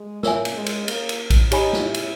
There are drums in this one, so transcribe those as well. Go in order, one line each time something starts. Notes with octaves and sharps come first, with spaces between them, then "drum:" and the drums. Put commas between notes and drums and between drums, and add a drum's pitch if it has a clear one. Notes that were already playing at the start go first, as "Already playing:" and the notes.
Already playing: G#3
A#3 A#4 C#5 E5 G#5, drum: snare
drum: cymbal
G#3
drum: cymbal
A#3, drum: cymbal
drum: cymbal
drum: kick A#1, cymbal
D#4 G4 C#5 G#5 B5, drum: cymbal
drum: snare
E4
drum: cymbal